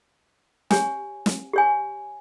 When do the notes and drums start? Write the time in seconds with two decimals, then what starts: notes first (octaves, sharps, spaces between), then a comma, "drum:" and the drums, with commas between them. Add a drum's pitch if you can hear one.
0.71 G4 C#5 G#5, drum: snare
1.26 drum: snare
1.53 G4 C#5 G#5